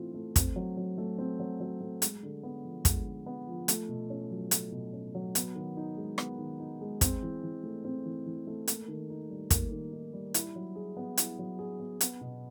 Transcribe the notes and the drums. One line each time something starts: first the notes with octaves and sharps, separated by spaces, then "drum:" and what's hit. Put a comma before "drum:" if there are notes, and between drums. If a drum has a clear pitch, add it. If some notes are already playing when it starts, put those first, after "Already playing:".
Already playing: E3 A3 C4 F4
A3
C4, drum: kick, hi-hat
F#3
F#3
A3
C4
F#3
F#3
A3
G#3, drum: hi-hat
D3
B3
F3
G#3, drum: kick, hi-hat
D3
B3
F3
A3, drum: hi-hat
B2
C#4
F#3
A3, drum: hi-hat
B2
C#4
F#3
B3, drum: hi-hat
D#3
D#4
G#3
B3, drum: rim click
D#3
D#4
G#3
C4, drum: kick, hi-hat
E3
E3
A3
C4
E3
E3
A3
A#3, drum: hi-hat
D#3
D#4
G3
A#3, drum: kick, hi-hat
D#3
D#4
G3
E4, drum: hi-hat
F#3
G#4
B3
E4, drum: hi-hat
F#3
G#4
B3
B3, drum: hi-hat
B2